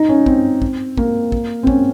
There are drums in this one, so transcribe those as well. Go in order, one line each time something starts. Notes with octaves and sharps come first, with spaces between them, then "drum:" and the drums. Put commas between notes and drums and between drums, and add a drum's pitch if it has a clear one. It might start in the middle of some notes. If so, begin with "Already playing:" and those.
Already playing: D#4
C#4
C4, drum: kick
drum: kick
A#3, drum: kick
drum: kick
C4
C#4, drum: kick